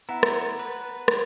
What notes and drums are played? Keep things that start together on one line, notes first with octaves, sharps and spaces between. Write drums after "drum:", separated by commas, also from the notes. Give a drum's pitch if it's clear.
B3 E4 F#5 A#5
drum: rim click
B4
drum: rim click